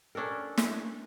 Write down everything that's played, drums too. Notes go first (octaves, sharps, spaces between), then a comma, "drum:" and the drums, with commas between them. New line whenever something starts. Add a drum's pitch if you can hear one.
C#4 D4 A4 A#4
drum: snare